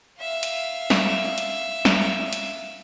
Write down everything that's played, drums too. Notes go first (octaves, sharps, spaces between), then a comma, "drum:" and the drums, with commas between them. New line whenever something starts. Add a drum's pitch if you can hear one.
E5 F5
drum: hi-hat
drum: snare
drum: hi-hat
drum: snare
drum: hi-hat